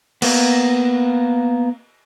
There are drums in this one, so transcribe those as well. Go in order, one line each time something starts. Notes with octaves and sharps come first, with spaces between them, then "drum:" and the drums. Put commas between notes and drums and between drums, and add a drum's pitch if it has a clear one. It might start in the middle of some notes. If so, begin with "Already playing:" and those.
A#3 B3, drum: cymbal